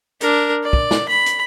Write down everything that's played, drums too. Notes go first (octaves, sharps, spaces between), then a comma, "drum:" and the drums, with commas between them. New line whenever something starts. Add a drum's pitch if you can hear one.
D4 A#4, drum: hi-hat
D5
drum: kick
drum: snare
B5
drum: hi-hat